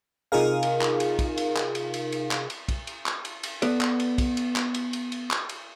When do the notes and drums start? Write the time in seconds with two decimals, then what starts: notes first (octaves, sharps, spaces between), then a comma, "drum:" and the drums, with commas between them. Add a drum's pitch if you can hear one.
0.32 C3 D#4 F4 G#4 A#4 F5
0.63 drum: cymbal
0.81 drum: clap
1.00 drum: cymbal
1.19 drum: kick, cymbal
1.37 drum: cymbal
1.56 drum: clap
1.75 drum: cymbal
1.94 drum: cymbal
2.12 drum: cymbal
2.31 drum: clap
2.50 drum: cymbal
2.68 drum: kick, cymbal
2.87 drum: cymbal
3.06 drum: clap
3.25 drum: cymbal
3.43 drum: cymbal
3.62 B3 A4 B4 D5, drum: cymbal
3.81 drum: clap
4.00 drum: cymbal
4.18 drum: kick, cymbal
4.37 drum: cymbal
4.56 drum: clap
4.74 drum: cymbal
4.93 drum: cymbal
5.12 drum: cymbal
5.31 drum: clap
5.49 drum: cymbal